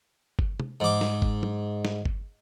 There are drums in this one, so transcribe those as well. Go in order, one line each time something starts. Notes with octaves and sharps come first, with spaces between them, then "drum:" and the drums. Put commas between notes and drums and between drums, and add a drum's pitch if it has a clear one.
drum: kick G1
drum: tom
G#2 D6
drum: snare
drum: kick G1
drum: tom
drum: snare
drum: kick G1